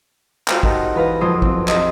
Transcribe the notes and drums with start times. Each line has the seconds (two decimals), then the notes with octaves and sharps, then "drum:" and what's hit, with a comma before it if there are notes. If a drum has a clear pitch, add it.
0.48 F4 F#4 C5 F5 G5, drum: clap
0.63 D#4 F#4 G4 A4 A#4, drum: kick
0.95 E2 B4 F5 A#6
1.21 F#1 F2 F3 C5 C6 D#6
1.42 C4, drum: kick
1.68 G4 C5 D#5, drum: clap